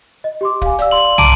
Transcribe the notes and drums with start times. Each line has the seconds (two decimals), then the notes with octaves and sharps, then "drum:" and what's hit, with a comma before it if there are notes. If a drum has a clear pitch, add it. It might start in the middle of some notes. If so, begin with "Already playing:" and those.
0.24 D#5
0.41 G4 C6 D6
0.62 F5 G#5, drum: kick
0.79 D5 F5 E6, drum: hi-hat
0.91 C6 F#7
1.18 A5 A#5 D6 D7 D#7, drum: tom